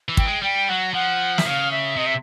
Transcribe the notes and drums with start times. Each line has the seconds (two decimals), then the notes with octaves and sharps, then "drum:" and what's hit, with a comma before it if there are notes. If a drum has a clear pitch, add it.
0.09 E3
0.17 G5, drum: kick
0.25 G#3
0.42 G3 G5
0.69 F#3 F#5
0.94 F3 F#5
1.38 E5, drum: snare
1.45 C#3 F5
1.71 E5
1.96 C3 D#5
2.06 E5